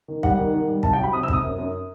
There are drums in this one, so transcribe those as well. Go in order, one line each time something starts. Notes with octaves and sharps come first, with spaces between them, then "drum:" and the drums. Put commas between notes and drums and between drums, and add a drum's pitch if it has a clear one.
D#3
G3 F#5, drum: kick
D#3
D#3
G3
C2 A5, drum: kick
G5
F#3
B5
C3 D#6
E6
C3 D#6, drum: kick
F#2
F#2